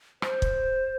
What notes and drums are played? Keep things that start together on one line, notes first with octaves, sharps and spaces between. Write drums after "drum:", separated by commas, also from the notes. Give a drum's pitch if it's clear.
C5, drum: rim click
drum: kick